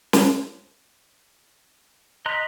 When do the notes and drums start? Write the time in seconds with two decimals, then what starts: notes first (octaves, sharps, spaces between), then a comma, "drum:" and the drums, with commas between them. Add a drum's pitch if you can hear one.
0.13 drum: snare
2.26 D#5 A#5 C6 F#6 B6